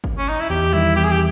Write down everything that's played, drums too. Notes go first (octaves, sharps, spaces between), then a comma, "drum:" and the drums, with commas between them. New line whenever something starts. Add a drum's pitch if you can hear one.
drum: kick
C#4
D#4
E4
E2 G4
D#3 G3 E4
E2 G4
G#4
G4